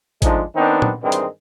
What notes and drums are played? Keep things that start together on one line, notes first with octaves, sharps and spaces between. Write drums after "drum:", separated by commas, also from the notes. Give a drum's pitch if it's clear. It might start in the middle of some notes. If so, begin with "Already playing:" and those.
F3 G#3 A3 D4 D#4, drum: kick, hi-hat
D#3 B3 C4 D4 D#4
drum: tom A#2
G2 D#3 E3 G#3 C4
drum: hi-hat